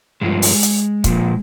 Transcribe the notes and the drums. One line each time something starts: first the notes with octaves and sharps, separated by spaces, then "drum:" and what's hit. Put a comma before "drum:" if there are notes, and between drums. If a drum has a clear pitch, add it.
G2 F3 G#3
drum: open hi-hat
drum: hi-hat
A#2 F3, drum: kick, hi-hat